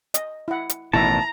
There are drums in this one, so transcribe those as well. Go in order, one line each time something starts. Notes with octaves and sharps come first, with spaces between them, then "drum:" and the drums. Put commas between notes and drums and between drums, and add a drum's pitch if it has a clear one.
D#5, drum: hi-hat
E4 F#5
drum: hi-hat
A1 B2 D#3 E4 E5 A5 A#5